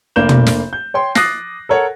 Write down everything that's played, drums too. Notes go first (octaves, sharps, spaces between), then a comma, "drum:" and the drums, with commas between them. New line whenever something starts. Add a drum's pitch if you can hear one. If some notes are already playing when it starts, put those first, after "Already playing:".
F1 A#3 D4 G6 E7
drum: tom
drum: snare
G6
C#5 G5 C6
D6 D#6 F#6 A6 A#6 C7, drum: snare
A4 A#4 C#5 F#5